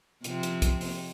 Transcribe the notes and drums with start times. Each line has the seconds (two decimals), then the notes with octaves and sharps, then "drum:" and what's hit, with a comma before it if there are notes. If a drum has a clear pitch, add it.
0.24 C3 F3 C4, drum: hi-hat
0.43 drum: hi-hat
0.62 drum: kick, hi-hat
0.81 drum: open hi-hat